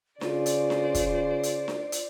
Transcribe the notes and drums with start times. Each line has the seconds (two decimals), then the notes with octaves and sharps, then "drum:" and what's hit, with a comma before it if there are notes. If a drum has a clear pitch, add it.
0.21 C#3 F4 C5 D5, drum: snare D4
0.46 drum: hi-hat
0.70 drum: snare D4
0.95 drum: kick, hi-hat
1.43 drum: hi-hat
1.68 drum: snare D4
1.92 drum: hi-hat